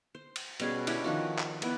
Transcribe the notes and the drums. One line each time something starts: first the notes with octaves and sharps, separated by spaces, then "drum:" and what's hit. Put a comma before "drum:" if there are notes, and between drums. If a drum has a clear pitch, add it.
C5
drum: cymbal
B2 G3 C#4 G#4, drum: cymbal
C#4 D4 E4 G4, drum: cymbal
D#3 F3 F#4
drum: clap
B3 E4 D5, drum: cymbal